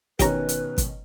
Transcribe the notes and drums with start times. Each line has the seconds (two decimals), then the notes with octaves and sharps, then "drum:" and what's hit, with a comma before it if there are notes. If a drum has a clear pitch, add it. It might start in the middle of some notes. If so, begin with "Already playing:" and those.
0.19 B2 D#3 C#4 G4 B4 C#5 A#5, drum: kick, hi-hat
0.49 drum: hi-hat
0.78 drum: kick, hi-hat